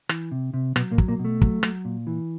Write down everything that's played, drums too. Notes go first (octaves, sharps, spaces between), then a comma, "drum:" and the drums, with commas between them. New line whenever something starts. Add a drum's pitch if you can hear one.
E3, drum: rim click
C3
C3
B2 F#3 B3, drum: rim click
A#2 A#3
F#3, drum: kick
A#2 A#3
B2
A3
F#3, drum: kick
F#3, drum: rim click
A#2
E3